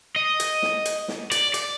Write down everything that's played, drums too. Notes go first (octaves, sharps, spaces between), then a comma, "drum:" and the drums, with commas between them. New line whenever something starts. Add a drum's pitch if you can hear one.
D#5
drum: hi-hat
drum: snare
drum: hi-hat
drum: snare
D5, drum: hi-hat
D5, drum: hi-hat